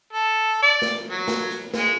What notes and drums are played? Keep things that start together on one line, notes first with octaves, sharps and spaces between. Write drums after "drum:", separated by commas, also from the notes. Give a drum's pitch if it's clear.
A4
D5
drum: snare
F#3
drum: snare
drum: hi-hat
G#3, drum: snare